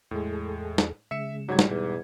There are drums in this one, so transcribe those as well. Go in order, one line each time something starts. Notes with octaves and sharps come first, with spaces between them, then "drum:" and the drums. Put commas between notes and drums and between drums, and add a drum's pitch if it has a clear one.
E2 A2 G#3 G#4 A4
drum: snare
C#3 G#3 E5 C#7 E7
G#2 F#3 G3 G#6
drum: snare
E2 B2